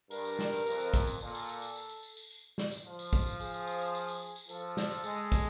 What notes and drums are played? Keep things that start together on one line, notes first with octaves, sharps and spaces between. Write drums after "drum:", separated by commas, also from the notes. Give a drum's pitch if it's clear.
G2 A#4, drum: tambourine
drum: tambourine
drum: snare
drum: tambourine
F2, drum: tambourine
drum: tambourine
drum: kick, tambourine
drum: tambourine
A#2 A4, drum: tambourine
drum: tambourine
drum: tambourine
drum: tambourine
drum: tambourine
drum: tambourine
drum: tambourine
drum: tambourine
drum: tambourine
drum: snare
drum: tambourine
F3
drum: tambourine
drum: kick, tambourine
drum: tambourine
G#4, drum: tambourine
drum: tambourine
drum: tambourine
drum: tambourine
drum: tambourine
drum: tambourine
drum: tambourine
drum: tambourine
F3 A4, drum: tambourine
drum: snare
drum: tambourine
G#3, drum: tambourine
drum: kick, tambourine